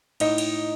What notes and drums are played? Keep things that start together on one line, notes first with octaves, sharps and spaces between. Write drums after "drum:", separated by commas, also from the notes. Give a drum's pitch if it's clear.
A2 D#4, drum: cymbal
drum: cymbal